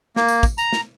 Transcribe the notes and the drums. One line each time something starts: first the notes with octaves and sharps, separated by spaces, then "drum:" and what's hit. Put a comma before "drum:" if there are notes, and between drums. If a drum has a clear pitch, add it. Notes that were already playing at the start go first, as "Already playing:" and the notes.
A#3, drum: snare
drum: tambourine
drum: kick, tambourine
A#5, drum: tambourine
drum: snare